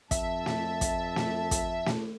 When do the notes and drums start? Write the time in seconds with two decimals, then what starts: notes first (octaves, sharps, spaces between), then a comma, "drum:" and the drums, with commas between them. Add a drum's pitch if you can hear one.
0.11 F2 E5 A5, drum: kick, hi-hat
0.46 drum: snare
0.81 drum: kick, hi-hat
1.16 drum: snare
1.51 drum: kick, hi-hat
1.86 drum: snare